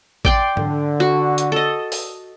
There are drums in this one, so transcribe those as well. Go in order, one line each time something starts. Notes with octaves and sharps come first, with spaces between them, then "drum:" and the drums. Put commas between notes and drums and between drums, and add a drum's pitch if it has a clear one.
D5 G5 C6, drum: kick A1
D3, drum: tom G#2
F#4
drum: hi-hat
A4 D#5
drum: open hi-hat